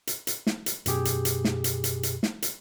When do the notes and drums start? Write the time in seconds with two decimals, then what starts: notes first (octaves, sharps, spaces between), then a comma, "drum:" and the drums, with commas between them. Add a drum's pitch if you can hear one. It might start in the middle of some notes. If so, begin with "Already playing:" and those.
0.07 drum: hi-hat
0.27 drum: hi-hat
0.47 drum: snare
0.66 drum: hi-hat
0.86 F#2 B2 G4 G#4, drum: hi-hat
1.05 drum: hi-hat
1.25 drum: hi-hat
1.44 drum: snare
1.64 drum: hi-hat
1.84 drum: hi-hat
2.03 drum: hi-hat
2.23 drum: snare
2.42 drum: hi-hat